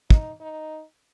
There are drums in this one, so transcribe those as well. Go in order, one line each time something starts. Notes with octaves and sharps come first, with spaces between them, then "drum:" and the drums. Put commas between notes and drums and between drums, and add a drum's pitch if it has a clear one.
D#4, drum: kick
D#4